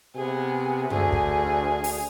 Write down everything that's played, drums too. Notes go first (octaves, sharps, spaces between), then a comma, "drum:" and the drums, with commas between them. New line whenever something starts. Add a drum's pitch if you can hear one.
C3 B3 G#4
D2 G#4, drum: tom F#2
drum: kick
drum: open hi-hat